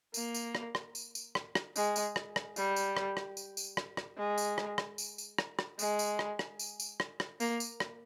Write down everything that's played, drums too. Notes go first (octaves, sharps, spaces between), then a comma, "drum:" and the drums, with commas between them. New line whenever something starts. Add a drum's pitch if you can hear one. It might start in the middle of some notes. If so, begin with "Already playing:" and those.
A#3, drum: tambourine
drum: tambourine
drum: rim click
drum: rim click
drum: tambourine
drum: tambourine
drum: rim click
drum: rim click
G#3, drum: tambourine
drum: tambourine
drum: rim click
drum: rim click
G3, drum: tambourine
drum: tambourine
drum: rim click
drum: rim click
drum: tambourine
drum: tambourine
drum: rim click
drum: rim click
G#3
drum: tambourine
drum: rim click
drum: rim click
drum: tambourine
drum: tambourine
drum: rim click
drum: rim click
G#3, drum: tambourine
drum: tambourine
drum: rim click
drum: rim click
drum: tambourine
drum: tambourine
drum: rim click
drum: rim click
A#3, drum: tambourine
drum: tambourine
drum: rim click